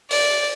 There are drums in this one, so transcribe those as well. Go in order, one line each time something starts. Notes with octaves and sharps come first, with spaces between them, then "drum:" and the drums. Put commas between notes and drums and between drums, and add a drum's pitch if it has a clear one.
D5, drum: open hi-hat